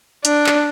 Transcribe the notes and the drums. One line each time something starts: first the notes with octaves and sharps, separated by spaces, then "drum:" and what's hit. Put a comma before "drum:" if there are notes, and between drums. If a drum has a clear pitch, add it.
D4, drum: hi-hat
drum: clap